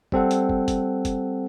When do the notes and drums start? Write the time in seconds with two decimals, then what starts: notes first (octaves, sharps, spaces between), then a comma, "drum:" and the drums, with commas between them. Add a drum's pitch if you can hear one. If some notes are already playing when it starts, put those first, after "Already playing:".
0.12 G3 C4 A4 F#5, drum: kick
0.31 drum: hi-hat
0.49 drum: kick
0.68 drum: kick, hi-hat
1.05 drum: kick, hi-hat